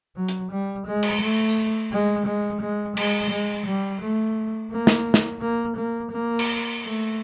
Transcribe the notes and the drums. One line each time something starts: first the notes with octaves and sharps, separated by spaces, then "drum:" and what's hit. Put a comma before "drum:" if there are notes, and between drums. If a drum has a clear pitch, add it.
F#3
drum: hi-hat
G3
G#3
drum: cymbal
A3
drum: tambourine
G#3
G#3
G#3
G#3, drum: cymbal
G#3
G3
A3
A#3
drum: snare
drum: snare
A#3
A#3
A#3
drum: cymbal
A3